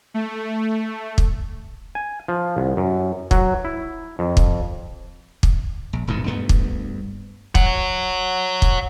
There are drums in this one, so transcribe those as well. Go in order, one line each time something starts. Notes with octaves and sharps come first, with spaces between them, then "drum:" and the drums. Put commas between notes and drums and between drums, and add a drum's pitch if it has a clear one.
A3
drum: kick
G#5
F3
C2
F#2
F#3, drum: kick
E4
F2
drum: kick
drum: kick
A#1
D#1 G#2 B2 D3
D2 G2 A3 B3
drum: kick
C#5 F#5, drum: kick
drum: kick